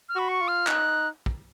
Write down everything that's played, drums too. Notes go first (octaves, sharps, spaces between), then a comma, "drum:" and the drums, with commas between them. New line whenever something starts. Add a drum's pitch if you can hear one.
F6
F#4 B5
C#6
F4
F6
D#4 F#6, drum: clap
drum: kick